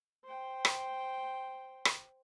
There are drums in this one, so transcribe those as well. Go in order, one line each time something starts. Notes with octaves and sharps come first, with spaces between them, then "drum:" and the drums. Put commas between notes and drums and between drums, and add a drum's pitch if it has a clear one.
C5 G5
drum: rim click
drum: rim click